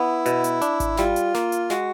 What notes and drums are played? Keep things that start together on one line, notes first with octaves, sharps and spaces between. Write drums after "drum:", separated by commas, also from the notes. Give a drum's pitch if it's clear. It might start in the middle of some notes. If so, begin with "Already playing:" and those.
Already playing: B3 E4
B2, drum: hi-hat
drum: hi-hat
D4, drum: hi-hat
drum: kick G#1, hi-hat
G3 F4, drum: snare
drum: hi-hat
A#3, drum: snare
drum: hi-hat
G#3 F#4, drum: snare